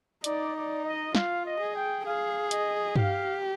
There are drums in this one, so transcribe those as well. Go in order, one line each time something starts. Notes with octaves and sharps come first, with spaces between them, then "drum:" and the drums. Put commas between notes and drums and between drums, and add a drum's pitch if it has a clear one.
D#4 D5, drum: hi-hat
D5
D#5
F4 F5, drum: snare
D#5
G#4
G5
G#4 F5
D#5, drum: hi-hat
G4 F5, drum: tom G2